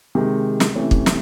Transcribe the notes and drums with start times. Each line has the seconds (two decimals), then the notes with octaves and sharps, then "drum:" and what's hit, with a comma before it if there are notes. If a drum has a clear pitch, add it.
0.15 C3 D#3 G#3
0.60 drum: snare
0.76 C3 E3 A3 C#4
0.91 drum: kick
1.06 drum: snare